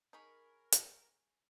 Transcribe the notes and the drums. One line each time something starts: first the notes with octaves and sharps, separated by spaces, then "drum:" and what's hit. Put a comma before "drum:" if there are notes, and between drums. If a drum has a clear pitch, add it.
D#4 G#4 A#4 C#5 B5
drum: hi-hat